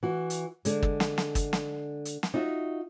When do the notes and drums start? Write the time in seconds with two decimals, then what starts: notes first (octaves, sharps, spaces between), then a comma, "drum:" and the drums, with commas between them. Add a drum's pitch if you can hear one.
0.03 E3 F#4
0.30 drum: hi-hat
0.65 D3 G#3, drum: hi-hat
0.83 drum: kick
1.00 drum: snare
1.18 drum: snare
1.35 drum: kick, hi-hat
1.53 drum: snare
2.05 drum: hi-hat
2.23 drum: snare
2.34 D#4 F4 F#4 E5